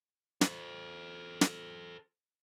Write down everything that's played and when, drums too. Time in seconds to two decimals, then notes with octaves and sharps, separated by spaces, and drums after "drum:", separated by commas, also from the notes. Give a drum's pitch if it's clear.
0.41 A4 C5, drum: snare
1.41 drum: snare